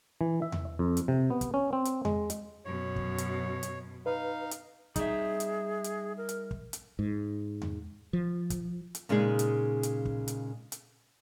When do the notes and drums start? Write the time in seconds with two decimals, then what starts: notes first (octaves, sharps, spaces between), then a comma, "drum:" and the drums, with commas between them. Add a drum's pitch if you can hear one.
0.21 E3
0.42 E5
0.52 drum: tom E2
0.79 F2
0.97 drum: hi-hat
1.08 C3
1.30 B3
1.41 drum: kick, hi-hat
1.54 C#4
1.73 C4
1.85 drum: hi-hat
2.05 G#3, drum: tom E2
2.30 drum: hi-hat
2.65 F#2 B2 C#5
2.96 drum: kick
3.18 drum: hi-hat
3.63 drum: hi-hat
4.06 D#4 B4 F5
4.51 drum: hi-hat
4.96 G3 D#4 G#4 E5, drum: kick, hi-hat
5.40 drum: hi-hat
5.84 drum: hi-hat
6.17 A#4
6.29 drum: hi-hat
6.51 drum: kick
6.73 drum: hi-hat
6.99 G#2
7.62 drum: tom E2
8.13 F3
8.50 drum: kick, hi-hat
8.95 drum: hi-hat
9.09 A#2 C#3 G#3 D#4 G#4
9.39 drum: hi-hat
9.83 drum: hi-hat
10.05 drum: kick
10.28 drum: hi-hat
10.72 drum: hi-hat